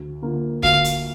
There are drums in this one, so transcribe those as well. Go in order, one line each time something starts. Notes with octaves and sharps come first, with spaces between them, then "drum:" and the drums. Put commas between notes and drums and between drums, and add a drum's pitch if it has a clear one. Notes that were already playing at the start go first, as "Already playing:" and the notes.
Already playing: D2
D3 A#3 F4
D2 F5, drum: kick E1
drum: hi-hat